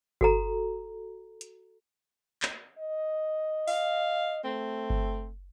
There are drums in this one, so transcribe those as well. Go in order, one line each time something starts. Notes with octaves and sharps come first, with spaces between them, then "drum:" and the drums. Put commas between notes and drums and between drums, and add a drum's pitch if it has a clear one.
F#4 A4 A#5, drum: kick G1
drum: hi-hat
drum: clap
D#5
F5, drum: open hi-hat
A3 C4
drum: kick G1